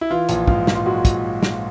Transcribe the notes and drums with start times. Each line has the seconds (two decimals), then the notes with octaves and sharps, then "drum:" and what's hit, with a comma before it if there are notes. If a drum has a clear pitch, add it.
0.01 E4
0.10 E3 F4
0.29 A#1, drum: hi-hat
0.48 G#2 F4, drum: kick
0.67 A#1, drum: snare
0.75 F4
0.86 F#3 G#3 F#4
1.05 drum: kick, hi-hat
1.43 drum: snare